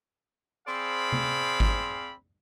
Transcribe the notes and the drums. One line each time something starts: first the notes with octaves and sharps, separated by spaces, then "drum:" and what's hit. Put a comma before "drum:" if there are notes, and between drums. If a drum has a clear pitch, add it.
C4 G#4 C5 D5 F5 B5
drum: tom C3
drum: kick G#1